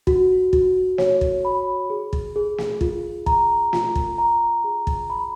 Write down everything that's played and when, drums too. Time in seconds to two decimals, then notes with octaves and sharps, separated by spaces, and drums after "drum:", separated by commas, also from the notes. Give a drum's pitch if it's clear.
0.07 F#4, drum: kick
0.53 F#4, drum: kick
0.98 C#5, drum: snare
1.21 drum: kick
1.45 B5
1.90 G#4
2.13 drum: kick
2.36 G#4
2.58 drum: snare
2.81 F4, drum: kick
3.26 A#5, drum: kick
3.73 F4, drum: snare
3.95 drum: kick
4.18 A#5
4.64 G#4
4.87 drum: kick
5.10 B5